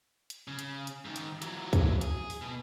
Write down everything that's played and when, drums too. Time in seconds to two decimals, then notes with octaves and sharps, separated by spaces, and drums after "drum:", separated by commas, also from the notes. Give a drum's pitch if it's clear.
0.30 drum: hi-hat
0.48 C#3
0.59 drum: hi-hat
0.87 drum: hi-hat
1.05 G#2 D#3
1.16 drum: hi-hat
1.42 E3 F#3, drum: hi-hat
1.73 drum: kick C2, hi-hat
2.01 G#4, drum: hi-hat
2.30 drum: open hi-hat
2.42 B2